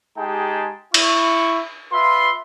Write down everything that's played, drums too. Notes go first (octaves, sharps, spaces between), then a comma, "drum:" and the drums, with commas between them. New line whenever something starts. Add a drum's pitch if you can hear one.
G#3 D#4 G4 G#4 G5 A5
E4 C#6, drum: cymbal
F4 B4 E5 C6